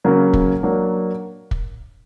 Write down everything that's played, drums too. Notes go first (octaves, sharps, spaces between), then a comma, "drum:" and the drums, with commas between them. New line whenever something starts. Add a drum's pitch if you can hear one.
C#3 F#3 A#3
drum: kick
F#3 A#3 D4
drum: kick